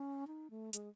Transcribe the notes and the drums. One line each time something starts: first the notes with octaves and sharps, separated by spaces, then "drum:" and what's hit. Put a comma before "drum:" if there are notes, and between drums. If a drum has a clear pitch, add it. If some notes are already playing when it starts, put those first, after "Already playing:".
Already playing: C#4
D#4
A3
G#3, drum: hi-hat